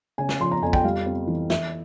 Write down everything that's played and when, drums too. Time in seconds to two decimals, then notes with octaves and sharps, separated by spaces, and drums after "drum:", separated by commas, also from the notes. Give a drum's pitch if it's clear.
0.18 C#3 G#5
0.29 drum: snare
0.40 F3 C6
0.51 A#5
0.62 F2 G#5
0.73 G5, drum: kick
0.84 G3 F5
1.06 C4
1.28 E3
1.50 E3 E5, drum: snare